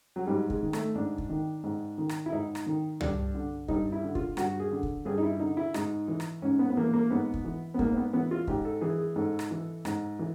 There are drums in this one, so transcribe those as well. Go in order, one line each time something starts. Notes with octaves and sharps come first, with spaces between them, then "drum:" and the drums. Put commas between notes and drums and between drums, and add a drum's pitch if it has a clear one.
F#3
G#2 G3
G#3, drum: kick
D#3
A3, drum: rim click
G#2 D4
drum: kick
D#3
G#2
D#3
drum: rim click
E4
G#2 D#4
drum: rim click
D#3
G2 D4, drum: tom
D3
G2 D#4, drum: kick
E4
D3
F4, drum: kick
G2 F#4, drum: rim click
G#4
D3
drum: kick
G2 G#4
D#4
E4
D3 D#4
E4
G#2 D#4, drum: rim click
E3
drum: rim click
G#2 C#4
B3
B3
E3 A#3
A#3
G#2 B3
drum: kick
E3
B3
G#2 A#3, drum: kick
C4
B3
E3 B3
F4
G#2 G4, drum: kick
A4
E3 G#4
G#4
G#2 A4
drum: rim click
E3
G#2, drum: rim click
E3